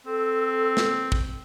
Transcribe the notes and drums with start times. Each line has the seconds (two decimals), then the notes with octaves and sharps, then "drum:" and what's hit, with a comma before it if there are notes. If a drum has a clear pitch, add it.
0.07 C4 A4
0.77 drum: snare
1.12 drum: kick